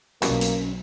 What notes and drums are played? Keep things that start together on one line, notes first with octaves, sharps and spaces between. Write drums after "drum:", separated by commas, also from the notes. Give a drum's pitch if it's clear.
B1 E2 G2 B2 F#3 A#3 C#4, drum: hi-hat
drum: hi-hat